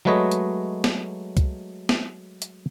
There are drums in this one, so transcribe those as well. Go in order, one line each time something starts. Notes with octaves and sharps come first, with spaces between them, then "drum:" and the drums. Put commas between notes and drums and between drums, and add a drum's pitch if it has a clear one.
F#3 G#3 A3 B4 C#5 D#5
drum: hi-hat
drum: snare
drum: kick C2, hi-hat
drum: snare
drum: hi-hat